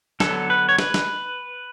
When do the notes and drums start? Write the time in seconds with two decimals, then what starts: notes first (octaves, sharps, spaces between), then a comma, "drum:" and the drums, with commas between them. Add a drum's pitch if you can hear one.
0.20 D3 F#3 B3 A4, drum: snare
0.50 B4
0.69 C#5
0.78 B4, drum: snare
0.94 drum: snare